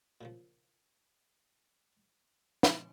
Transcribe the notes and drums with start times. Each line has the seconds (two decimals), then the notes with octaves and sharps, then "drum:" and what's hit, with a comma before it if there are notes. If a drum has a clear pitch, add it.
0.21 A#2 C#3 F3
2.63 drum: snare